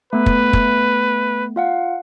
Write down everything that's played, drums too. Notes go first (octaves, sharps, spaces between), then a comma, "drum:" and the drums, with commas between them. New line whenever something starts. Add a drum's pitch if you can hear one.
A3 B3 B4
drum: kick
drum: kick
F4 F5 F#5